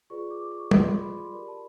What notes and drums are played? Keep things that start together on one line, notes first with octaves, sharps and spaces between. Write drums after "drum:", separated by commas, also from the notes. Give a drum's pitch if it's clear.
F4 G#4 B4 D5 C#6
D6
C#6
F4 G#4 B4 D5 C6, drum: tom
B5
B5
C6
G4 A#4 D5 B5
A5